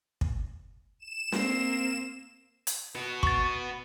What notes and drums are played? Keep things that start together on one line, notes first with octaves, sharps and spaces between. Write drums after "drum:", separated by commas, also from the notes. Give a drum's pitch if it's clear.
drum: kick
E7
A#3 C4, drum: snare
drum: hi-hat
B3 F#4
C#6 A6, drum: kick